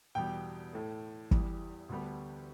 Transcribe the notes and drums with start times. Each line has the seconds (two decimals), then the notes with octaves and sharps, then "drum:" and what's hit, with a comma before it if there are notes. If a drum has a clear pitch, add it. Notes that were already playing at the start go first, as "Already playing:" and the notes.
0.15 E2 B2 G3 G5
0.73 A2 A3
1.31 E2 E3 G3, drum: kick
1.89 D2 D3 G3 B3